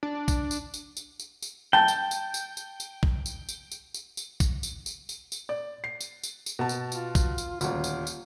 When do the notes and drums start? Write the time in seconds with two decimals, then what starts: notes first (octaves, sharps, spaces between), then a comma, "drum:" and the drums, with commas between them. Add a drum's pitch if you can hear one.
0.03 D4
0.28 drum: kick, tambourine
0.51 drum: tambourine
0.74 drum: tambourine
0.97 drum: tambourine
1.20 drum: tambourine
1.42 drum: tambourine
1.73 G5 A5
1.88 drum: tambourine
2.11 drum: tambourine
2.34 drum: tambourine
2.57 drum: tambourine
2.80 drum: tambourine
3.03 drum: kick
3.26 drum: tambourine
3.49 drum: tambourine
3.72 drum: tambourine
3.94 drum: tambourine
4.17 drum: tambourine
4.40 drum: kick, tambourine
4.63 drum: tambourine
4.86 drum: tambourine
5.09 drum: tambourine
5.32 drum: tambourine
5.49 D5
5.84 C7
6.01 drum: tambourine
6.23 drum: tambourine
6.46 drum: tambourine
6.59 B2 A5
6.69 drum: tambourine
6.92 F4, drum: tambourine
7.15 drum: kick, tambourine
7.38 drum: tambourine
7.61 D#1 D2 F4, drum: tambourine
7.84 drum: tambourine
8.07 drum: tambourine